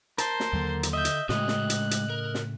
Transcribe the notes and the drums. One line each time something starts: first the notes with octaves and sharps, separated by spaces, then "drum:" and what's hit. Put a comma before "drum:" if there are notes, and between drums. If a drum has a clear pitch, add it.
A#4 C5 A5 C6, drum: hi-hat
drum: snare
D#2 D3 F#3 A#3
drum: hi-hat
D#5 E5 G6
drum: hi-hat
A2 C#3 G#3 A3 F#4 D#5 F#6, drum: snare
drum: snare
drum: hi-hat
drum: hi-hat
A#4
drum: snare